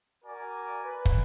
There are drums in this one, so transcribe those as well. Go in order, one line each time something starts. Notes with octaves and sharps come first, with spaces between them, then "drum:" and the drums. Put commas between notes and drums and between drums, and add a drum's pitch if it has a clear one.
F#4 A#4 D5 G#5 D6
B4
drum: kick